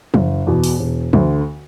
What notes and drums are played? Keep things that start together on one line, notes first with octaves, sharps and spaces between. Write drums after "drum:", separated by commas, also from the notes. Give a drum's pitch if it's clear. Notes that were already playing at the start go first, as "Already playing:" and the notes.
F#1, drum: tom
E2 B2
drum: open hi-hat
E1
D2 D3, drum: tom